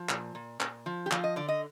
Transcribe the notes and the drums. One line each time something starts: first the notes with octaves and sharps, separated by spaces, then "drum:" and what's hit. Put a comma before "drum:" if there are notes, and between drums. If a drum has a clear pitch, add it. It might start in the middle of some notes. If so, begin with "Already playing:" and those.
Already playing: F3
A#2, drum: clap
A#2
A#2, drum: clap
F3
G4
F3 F4, drum: clap
D#5
D3 D5
D#5